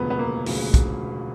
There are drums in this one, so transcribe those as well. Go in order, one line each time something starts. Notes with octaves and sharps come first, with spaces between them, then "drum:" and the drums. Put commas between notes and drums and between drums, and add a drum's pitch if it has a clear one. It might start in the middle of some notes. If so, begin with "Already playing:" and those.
Already playing: E1 D2 C#3 F3 B3
B3
A#3
E1 D2 C#3 F3, drum: open hi-hat
drum: kick, hi-hat